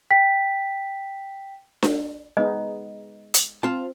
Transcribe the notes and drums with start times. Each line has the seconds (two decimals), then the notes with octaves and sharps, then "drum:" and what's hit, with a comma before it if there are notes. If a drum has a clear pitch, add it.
0.11 G5 B6
1.83 drum: snare D4
2.37 G#3 B3 D#4 D#5
3.34 drum: hi-hat
3.63 C4 F4 A5